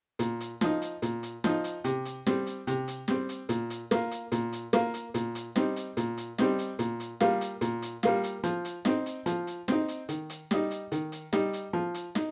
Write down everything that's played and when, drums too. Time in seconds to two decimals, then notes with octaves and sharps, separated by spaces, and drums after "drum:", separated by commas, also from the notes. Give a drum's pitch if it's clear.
0.19 A#2, drum: hi-hat
0.40 drum: hi-hat
0.61 F3 D#4, drum: snare
0.82 drum: hi-hat
1.02 A#2, drum: hi-hat
1.23 drum: hi-hat
1.44 F3 D#4, drum: snare
1.64 drum: hi-hat
1.84 C3, drum: hi-hat
2.05 drum: hi-hat
2.26 G3 C4, drum: snare
2.47 drum: hi-hat
2.67 C3, drum: hi-hat
2.88 drum: hi-hat
3.08 G3 C4, drum: snare
3.29 drum: hi-hat
3.49 A#2, drum: hi-hat
3.70 drum: hi-hat
3.91 A#3 F4, drum: snare
4.11 drum: hi-hat
4.32 A#2, drum: hi-hat
4.53 drum: hi-hat
4.73 A#3 F4, drum: snare
4.94 drum: hi-hat
5.14 A#2, drum: hi-hat
5.35 drum: hi-hat
5.56 G3 C4 D#4, drum: snare
5.76 drum: hi-hat
5.97 A#2, drum: hi-hat
6.17 drum: hi-hat
6.38 G3 C4 D#4, drum: snare
6.59 drum: hi-hat
6.79 A#2, drum: hi-hat
7.00 drum: hi-hat
7.20 G3 A#3 F4, drum: snare
7.41 drum: hi-hat
7.61 A#2, drum: hi-hat
7.82 drum: hi-hat
8.03 G3 A#3 F4, drum: snare
8.24 drum: hi-hat
8.44 F3, drum: hi-hat
8.65 drum: hi-hat
8.85 C4 D#4, drum: snare
9.06 drum: hi-hat
9.26 F3, drum: hi-hat
9.47 drum: hi-hat
9.68 C4 D#4, drum: snare
9.88 drum: hi-hat
10.09 D#3, drum: hi-hat
10.30 drum: hi-hat
10.51 G3 D#4, drum: snare
10.71 drum: hi-hat
10.92 D#3, drum: hi-hat
11.12 drum: hi-hat
11.33 G3 D#4, drum: snare
11.53 drum: hi-hat
11.73 F3
11.94 drum: hi-hat
12.15 D#4, drum: snare